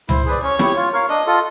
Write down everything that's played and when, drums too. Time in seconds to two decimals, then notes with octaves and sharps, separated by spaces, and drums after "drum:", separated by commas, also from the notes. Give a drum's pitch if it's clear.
0.09 E4 C5, drum: tom C#2
0.26 G#4 B4 D5
0.42 C#4 C#5
0.59 E4 G4, drum: snare
0.76 F4
0.93 A#4 C#5 F5
1.09 D4 D#5
1.26 F4 A4